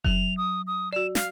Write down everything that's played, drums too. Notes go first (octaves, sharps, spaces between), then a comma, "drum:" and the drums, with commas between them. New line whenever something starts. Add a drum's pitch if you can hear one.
F#3 F7, drum: kick F#1
D#6
D#6
F#4 D5 E7
F5, drum: snare